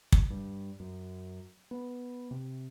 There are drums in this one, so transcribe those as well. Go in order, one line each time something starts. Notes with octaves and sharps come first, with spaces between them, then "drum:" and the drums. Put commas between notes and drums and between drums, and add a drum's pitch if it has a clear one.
drum: kick
G2
F#2
B3
C3